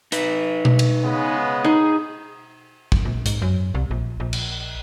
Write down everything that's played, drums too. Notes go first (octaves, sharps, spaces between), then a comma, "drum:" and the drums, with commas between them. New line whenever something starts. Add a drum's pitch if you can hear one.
D#4 B4, drum: hi-hat
drum: tom B2
drum: cymbal
C#3 G#3 B3
D#4 G#4
drum: kick
A#1
G#2, drum: hi-hat
F#2
C2
A#1
A#1
drum: cymbal